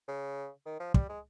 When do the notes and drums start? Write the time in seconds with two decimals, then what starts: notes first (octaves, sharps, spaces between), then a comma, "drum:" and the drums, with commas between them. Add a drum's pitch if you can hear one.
0.08 C#3
0.66 D#3
0.80 F3
0.94 G3, drum: kick
1.09 G#3